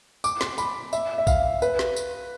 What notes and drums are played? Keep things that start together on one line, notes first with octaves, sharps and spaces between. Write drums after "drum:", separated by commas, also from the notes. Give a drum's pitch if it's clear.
D6, drum: tambourine
C6, drum: snare
B5, drum: tambourine
E5, drum: tambourine
E5
F5, drum: kick, tambourine
B4, drum: tambourine
drum: snare
drum: tambourine